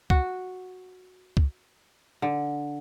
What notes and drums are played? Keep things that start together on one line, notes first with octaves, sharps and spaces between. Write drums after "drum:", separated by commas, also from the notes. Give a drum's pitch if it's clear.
F#4, drum: kick
drum: kick
D3